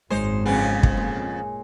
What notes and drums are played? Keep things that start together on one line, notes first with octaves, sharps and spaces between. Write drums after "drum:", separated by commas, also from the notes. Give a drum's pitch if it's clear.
G#1 F#2 G#3 D#4 C5 C#5
F2 C#3 B3 G#4
drum: kick
A#2